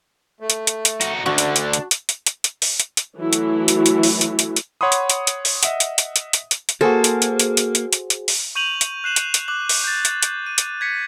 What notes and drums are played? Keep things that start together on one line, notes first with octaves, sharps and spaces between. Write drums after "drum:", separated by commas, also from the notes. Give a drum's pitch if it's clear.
A3
drum: hi-hat
drum: hi-hat
drum: hi-hat
D#4 F#4, drum: hi-hat
D2 D3 D4 F#4
drum: hi-hat
drum: hi-hat
drum: hi-hat
drum: hi-hat
drum: hi-hat
drum: hi-hat
drum: hi-hat
drum: open hi-hat
drum: hi-hat
drum: hi-hat
E3 F#3 A3 E4 F#4
drum: hi-hat
drum: hi-hat
drum: hi-hat
drum: open hi-hat
drum: hi-hat
drum: hi-hat
drum: hi-hat
C#5 F#5 B5 C6 D#6
drum: hi-hat
drum: hi-hat
drum: hi-hat
drum: open hi-hat
D#5 E5 F#5, drum: hi-hat
drum: hi-hat
drum: hi-hat
drum: hi-hat
drum: hi-hat
drum: hi-hat
drum: hi-hat
A#3 F#4 G#4 A4 C5
drum: hi-hat
drum: hi-hat
drum: hi-hat
drum: hi-hat
drum: hi-hat
drum: hi-hat
drum: hi-hat
drum: open hi-hat
C#6 G6 D#7 F7 F#7
drum: hi-hat
F#6 C7 E7 F#7
drum: hi-hat
drum: hi-hat
D6 F#6 F#7
drum: open hi-hat
G6 A6
drum: hi-hat
drum: hi-hat
D#7
drum: hi-hat
G#6 B6 C#7